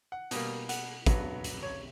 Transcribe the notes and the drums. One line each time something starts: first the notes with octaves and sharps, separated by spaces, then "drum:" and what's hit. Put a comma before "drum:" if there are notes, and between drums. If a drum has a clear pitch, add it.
F#5
B2 G3 A#3, drum: hi-hat
F#5, drum: hi-hat
G2 F#3 B3, drum: kick, hi-hat
drum: hi-hat
C#5